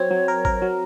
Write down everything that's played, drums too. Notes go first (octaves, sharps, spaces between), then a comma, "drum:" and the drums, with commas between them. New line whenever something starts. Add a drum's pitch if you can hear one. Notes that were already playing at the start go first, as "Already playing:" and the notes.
Already playing: F#3 C4 C#5
F#3
A#4
A#4, drum: kick G#1
F#3